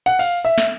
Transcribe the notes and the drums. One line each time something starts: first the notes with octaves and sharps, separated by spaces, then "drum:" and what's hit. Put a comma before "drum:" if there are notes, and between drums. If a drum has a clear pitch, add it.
F#5
F5, drum: cymbal
E5
drum: snare